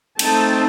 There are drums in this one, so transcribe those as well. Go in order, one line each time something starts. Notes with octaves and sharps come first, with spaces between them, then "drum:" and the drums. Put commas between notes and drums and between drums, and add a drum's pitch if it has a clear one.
A3 C4 D#4 G5 A5, drum: cymbal